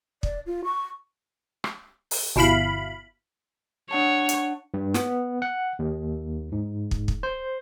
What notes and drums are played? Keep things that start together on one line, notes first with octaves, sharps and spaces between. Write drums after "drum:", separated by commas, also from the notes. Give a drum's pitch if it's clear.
D5, drum: kick
F4
C#6
drum: rim click
drum: open hi-hat
G1 B2 E4 F5 B5
D4 C#5 F#5 A5
drum: hi-hat
G2
B3, drum: snare
F#5
D#2
G#2
drum: kick
drum: kick
C5